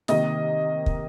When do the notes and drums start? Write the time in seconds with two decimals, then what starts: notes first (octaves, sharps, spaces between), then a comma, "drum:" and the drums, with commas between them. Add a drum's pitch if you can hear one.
0.08 C3 D#3 A#3 D#5, drum: snare
0.86 drum: kick